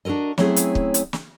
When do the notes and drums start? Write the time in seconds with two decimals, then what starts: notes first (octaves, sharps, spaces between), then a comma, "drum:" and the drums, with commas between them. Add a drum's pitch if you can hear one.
0.05 D4 F#4 A4 A#4 D#5
0.38 F#3 A3 C4 C#4 E4 G#4, drum: snare
0.56 drum: hi-hat
0.75 drum: kick
0.94 drum: hi-hat
1.13 drum: snare